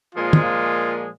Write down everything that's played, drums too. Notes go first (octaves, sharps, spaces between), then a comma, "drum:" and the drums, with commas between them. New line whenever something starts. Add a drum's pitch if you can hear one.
A#2 F3 G#3 F4
drum: tom
F4